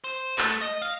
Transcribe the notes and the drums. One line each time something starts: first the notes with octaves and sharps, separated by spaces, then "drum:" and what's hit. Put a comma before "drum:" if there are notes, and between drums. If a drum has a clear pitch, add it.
C5
A3, drum: clap
D#5
F5